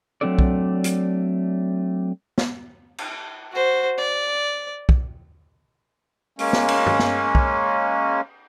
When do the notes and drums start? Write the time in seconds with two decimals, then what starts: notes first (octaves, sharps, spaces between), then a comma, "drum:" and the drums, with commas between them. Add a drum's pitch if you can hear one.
0.21 F#3 A3 C4 D4 A4 D5
0.39 drum: kick B1
0.84 drum: hi-hat
2.38 drum: snare
2.98 drum: cymbal
3.52 F#4 C5
3.98 D5
4.89 drum: kick B1
6.39 G#3 A#3 C#4, drum: open hi-hat
6.53 drum: snare
6.68 drum: cymbal
6.86 drum: tom
6.99 drum: snare
7.35 drum: kick B1